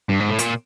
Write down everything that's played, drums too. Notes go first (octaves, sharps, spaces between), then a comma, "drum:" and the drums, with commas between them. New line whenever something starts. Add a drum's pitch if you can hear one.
G2
G#2
A2
A#2, drum: hi-hat